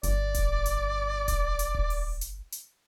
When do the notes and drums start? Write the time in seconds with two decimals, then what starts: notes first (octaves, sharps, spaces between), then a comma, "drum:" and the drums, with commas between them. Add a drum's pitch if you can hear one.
0.03 G1 D5, drum: hi-hat
0.34 drum: kick D#1, hi-hat
0.66 drum: hi-hat
1.28 drum: kick D#1, hi-hat
1.59 drum: hi-hat
1.75 drum: kick D#1
1.90 drum: open hi-hat
2.21 drum: hi-hat
2.52 drum: hi-hat